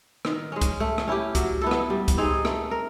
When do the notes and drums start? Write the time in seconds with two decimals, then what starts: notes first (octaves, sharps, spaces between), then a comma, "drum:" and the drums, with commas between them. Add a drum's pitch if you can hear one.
0.25 D#3, drum: rim click
0.52 G#3 C#4
0.61 drum: kick C#2, hi-hat
0.80 A3
0.98 drum: rim click
1.07 C#4 E4 G4
1.35 F#3, drum: kick C#2, hi-hat
1.62 B3 E4 A4
1.71 drum: rim click
1.90 G3
2.08 drum: kick C#2, hi-hat
2.17 C4 D#4 G#4
2.45 A3, drum: rim click
2.71 A#4